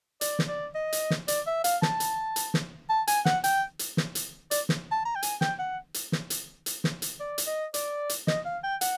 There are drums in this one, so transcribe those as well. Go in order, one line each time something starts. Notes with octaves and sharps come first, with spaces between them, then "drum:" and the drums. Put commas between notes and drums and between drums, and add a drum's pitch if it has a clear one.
D5, drum: hi-hat
drum: snare
D5
D#5
drum: hi-hat
drum: snare
D5, drum: hi-hat
E5
F5, drum: hi-hat
A5, drum: snare
drum: hi-hat
drum: hi-hat
drum: snare
A5
G#5, drum: hi-hat
F#5, drum: snare
G5, drum: hi-hat
drum: hi-hat
drum: snare
drum: hi-hat
D5, drum: hi-hat
drum: snare
A5
A#5
G5
G#5, drum: hi-hat
G5, drum: snare
F#5
drum: hi-hat
drum: snare
drum: hi-hat
drum: hi-hat
drum: snare
drum: hi-hat
D5
drum: hi-hat
D#5
D5, drum: hi-hat
drum: hi-hat
D#5, drum: snare
F5
G5
F#5, drum: hi-hat